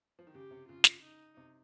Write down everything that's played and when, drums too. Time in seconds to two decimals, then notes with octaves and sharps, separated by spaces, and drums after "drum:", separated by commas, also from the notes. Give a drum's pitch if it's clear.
0.19 F3
0.27 D#3
0.34 C#3 G4
0.51 C3
0.69 C#3 F4
0.84 drum: snare
1.03 D#4
1.37 C3